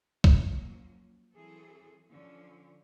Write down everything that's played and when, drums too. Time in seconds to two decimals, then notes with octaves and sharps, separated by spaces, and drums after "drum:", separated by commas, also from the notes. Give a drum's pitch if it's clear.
0.24 F3 F#3 A#3 C#4, drum: kick
1.34 E3 F#3 C4 G#4 A4
2.10 D3 F3 C#4